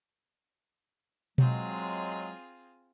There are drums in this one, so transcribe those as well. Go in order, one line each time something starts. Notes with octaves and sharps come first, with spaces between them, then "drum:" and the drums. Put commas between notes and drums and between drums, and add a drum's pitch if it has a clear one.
F#3 G#3 C4 F4 G#4, drum: tom B2